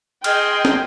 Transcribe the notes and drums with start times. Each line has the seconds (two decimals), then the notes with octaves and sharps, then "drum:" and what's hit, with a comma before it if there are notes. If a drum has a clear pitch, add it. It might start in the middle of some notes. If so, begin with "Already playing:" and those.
0.24 G#4 D#5 G5 C6 F6 G6 G#6, drum: cymbal
0.65 drum: snare